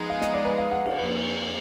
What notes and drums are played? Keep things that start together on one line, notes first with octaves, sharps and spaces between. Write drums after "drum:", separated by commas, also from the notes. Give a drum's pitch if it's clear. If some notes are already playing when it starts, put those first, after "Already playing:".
Already playing: F3 G#3 B3 D#4 G#4
F5
D#5, drum: snare
D5
B4
F5
F#5
F5, drum: cymbal
F2 F3 A#3 B4